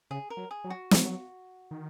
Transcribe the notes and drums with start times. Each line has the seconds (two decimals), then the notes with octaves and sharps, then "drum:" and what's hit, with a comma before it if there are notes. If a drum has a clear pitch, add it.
0.11 C#3 G#4
0.30 A#4
0.37 F#3
0.51 G#4
0.64 F#3
0.70 F#4
0.91 F#3, drum: snare
1.71 D#3